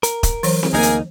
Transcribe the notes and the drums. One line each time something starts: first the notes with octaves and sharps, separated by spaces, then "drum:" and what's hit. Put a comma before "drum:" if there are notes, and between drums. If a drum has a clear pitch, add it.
A#4, drum: hi-hat
drum: kick D#1, hi-hat
E3 F#3 C5, drum: open hi-hat
drum: snare C4
D2 A#3 D#4 G#4 A#4 G#5
drum: hi-hat